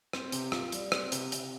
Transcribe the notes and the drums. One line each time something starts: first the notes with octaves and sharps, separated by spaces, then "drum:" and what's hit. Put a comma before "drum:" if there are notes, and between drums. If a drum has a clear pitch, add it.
C4, drum: rim click
C3, drum: hi-hat
F4, drum: rim click
G3, drum: hi-hat
C4, drum: rim click
C3, drum: hi-hat
C3, drum: hi-hat